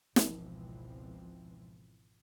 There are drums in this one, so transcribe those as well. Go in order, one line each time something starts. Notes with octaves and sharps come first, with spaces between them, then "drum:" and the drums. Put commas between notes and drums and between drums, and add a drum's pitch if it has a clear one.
G#1 C#2 B2 E3 F3 C4, drum: snare